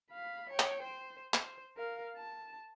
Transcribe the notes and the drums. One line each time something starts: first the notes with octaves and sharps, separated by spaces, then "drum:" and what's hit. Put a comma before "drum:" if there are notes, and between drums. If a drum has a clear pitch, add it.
F5 B5
C#5 G5
drum: clap
C5
C5, drum: clap
A#4 F5
A5